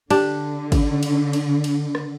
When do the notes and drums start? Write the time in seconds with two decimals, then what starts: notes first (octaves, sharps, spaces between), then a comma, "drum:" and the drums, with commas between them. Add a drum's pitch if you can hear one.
0.10 D3 D4 G4, drum: cymbal
0.72 drum: kick, cymbal
1.03 drum: cymbal
1.33 drum: cymbal
1.64 drum: cymbal
1.95 drum: rim click